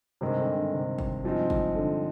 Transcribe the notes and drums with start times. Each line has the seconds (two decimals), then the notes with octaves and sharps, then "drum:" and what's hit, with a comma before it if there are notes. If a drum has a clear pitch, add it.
0.21 G2 C3 D#3 G#3 C4
0.39 D3
0.56 D3
0.73 C3
0.98 drum: kick
1.24 G2 F3 G#3 C4 D#4
1.50 drum: kick
1.75 D3